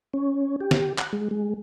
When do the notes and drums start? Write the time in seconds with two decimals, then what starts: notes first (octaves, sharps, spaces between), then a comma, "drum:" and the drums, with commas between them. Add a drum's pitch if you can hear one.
0.14 C#4
0.60 G4
0.71 drum: snare
0.98 F#5, drum: clap
1.13 G#3
1.31 G#3